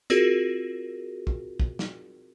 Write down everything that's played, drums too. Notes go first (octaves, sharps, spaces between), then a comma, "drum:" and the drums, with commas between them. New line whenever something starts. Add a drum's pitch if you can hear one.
C4 F4 F#4 G#4 A#4, drum: hi-hat
drum: kick
drum: kick
drum: snare